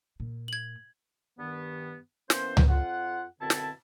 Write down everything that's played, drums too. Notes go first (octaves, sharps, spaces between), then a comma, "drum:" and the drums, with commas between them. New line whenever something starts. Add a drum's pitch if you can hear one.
A#2
G#6 F#7
G2 D#3 B3
E3 A#3 B3 C#4 C5, drum: snare
drum: tom C#2
F2 F4 F#5
F#2 B2 D3 C4 E4 A5
drum: snare